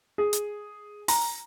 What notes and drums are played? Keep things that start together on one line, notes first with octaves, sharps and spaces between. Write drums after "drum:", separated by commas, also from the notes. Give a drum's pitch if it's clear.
G#4
drum: hi-hat
A#5, drum: open hi-hat